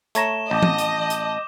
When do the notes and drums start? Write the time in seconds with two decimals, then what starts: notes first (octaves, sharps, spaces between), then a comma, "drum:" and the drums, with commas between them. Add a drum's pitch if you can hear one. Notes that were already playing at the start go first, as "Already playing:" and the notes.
0.15 A3 C#5 A#5 E7 G7, drum: hi-hat
0.51 A1 D#5 A5 D6 G6
0.63 drum: tom E3
0.78 drum: hi-hat
1.10 drum: hi-hat